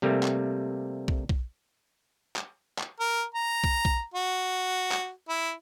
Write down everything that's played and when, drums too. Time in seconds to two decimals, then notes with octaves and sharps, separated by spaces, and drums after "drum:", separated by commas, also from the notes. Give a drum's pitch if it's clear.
0.02 C3 G3 A3 A#3
0.23 drum: clap
1.08 drum: kick
1.29 drum: kick
2.36 drum: clap
2.78 drum: clap
3.00 A#4
3.34 A#5
3.64 drum: kick
3.85 drum: kick
4.14 F#4
4.91 drum: clap
5.28 E4